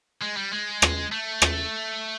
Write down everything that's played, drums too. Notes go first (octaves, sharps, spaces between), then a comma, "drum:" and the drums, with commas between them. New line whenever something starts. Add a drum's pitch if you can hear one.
G#3
G3
G#3
drum: rim click
A3
drum: rim click